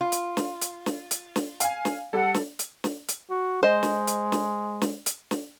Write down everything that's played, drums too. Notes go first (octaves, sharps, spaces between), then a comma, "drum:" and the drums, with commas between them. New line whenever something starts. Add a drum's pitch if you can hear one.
F4
drum: hi-hat
drum: snare
drum: hi-hat
drum: snare
drum: hi-hat
drum: snare
F5 G#5, drum: hi-hat
drum: snare
G3 A4 F#5
drum: snare
drum: hi-hat
drum: snare
drum: hi-hat
F#4
G#3 C5 D#5
drum: snare
drum: hi-hat
drum: snare
drum: snare
drum: hi-hat
drum: snare